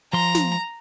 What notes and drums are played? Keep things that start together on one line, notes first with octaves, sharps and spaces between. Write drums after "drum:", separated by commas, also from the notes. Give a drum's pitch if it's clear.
F3 A#5 C6
drum: snare